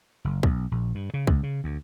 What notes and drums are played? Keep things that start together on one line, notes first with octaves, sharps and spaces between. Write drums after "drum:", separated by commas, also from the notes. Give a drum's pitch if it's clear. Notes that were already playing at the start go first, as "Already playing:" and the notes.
F#1
B1, drum: kick
A#1
G2
C#3
C#2, drum: kick
C#3
D2